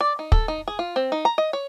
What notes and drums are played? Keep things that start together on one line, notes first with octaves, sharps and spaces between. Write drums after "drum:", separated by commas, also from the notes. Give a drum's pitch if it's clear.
D5
D#4
A4, drum: kick
D#4
G#4
F4
C4
D#4
A#5
D#5
C#5